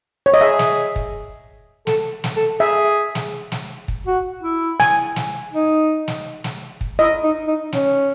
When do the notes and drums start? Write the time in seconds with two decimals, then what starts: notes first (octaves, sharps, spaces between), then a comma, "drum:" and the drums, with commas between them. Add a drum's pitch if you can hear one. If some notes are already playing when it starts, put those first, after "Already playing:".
0.26 C#5
0.34 D#5
0.40 G#4 E5
0.59 drum: snare
0.96 drum: kick
1.87 A4, drum: snare
2.24 drum: snare
2.36 A4
2.60 G#4 E5
3.15 drum: snare
3.52 drum: snare
3.88 drum: kick
4.07 F#4
4.43 E4
4.80 G#5, drum: snare
5.16 drum: snare
5.53 D#4
6.08 drum: snare
6.44 drum: snare
6.81 drum: kick
6.99 E4 D#5
7.23 D#4
7.47 D#4
7.72 C#4, drum: snare